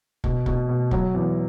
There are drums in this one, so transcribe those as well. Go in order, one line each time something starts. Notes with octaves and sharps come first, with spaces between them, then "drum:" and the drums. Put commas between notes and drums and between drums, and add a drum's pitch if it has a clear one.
B2, drum: kick
B2, drum: kick
B2
F#3, drum: kick
E2